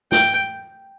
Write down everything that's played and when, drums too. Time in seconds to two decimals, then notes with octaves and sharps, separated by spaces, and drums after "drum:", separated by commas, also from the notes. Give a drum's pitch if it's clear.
0.12 G5, drum: snare